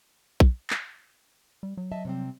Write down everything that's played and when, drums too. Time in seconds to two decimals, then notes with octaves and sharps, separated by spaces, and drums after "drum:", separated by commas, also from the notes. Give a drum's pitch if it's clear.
0.40 drum: kick
0.70 drum: clap
1.63 G3
1.77 F#3
1.92 D#5 E5 A5
2.05 C3 G3 C4